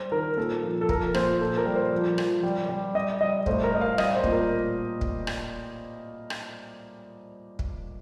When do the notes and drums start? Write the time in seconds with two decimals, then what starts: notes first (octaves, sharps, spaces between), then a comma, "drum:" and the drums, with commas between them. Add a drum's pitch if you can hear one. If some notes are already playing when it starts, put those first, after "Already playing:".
Already playing: G3 C5
0.12 D#3 A#4
0.37 A#2 A4
0.63 F3
0.81 A4
0.89 F3 A#4, drum: kick
1.14 A#2 C5, drum: rim click
1.41 A#2 A4
1.58 A#4
1.66 G3
1.75 C5
1.92 F3
2.18 F3, drum: rim click
2.43 G3
2.69 G3
2.95 G3 D#5
3.21 G3 D#5
3.46 A2 C5, drum: kick
3.63 A#4
3.73 A2 D#5
3.81 F5
3.98 G3 D#5, drum: rim click
4.15 C5
4.24 A#2, drum: kick
4.32 A#4
5.01 drum: kick
5.27 drum: rim click
6.30 drum: rim click
7.59 drum: kick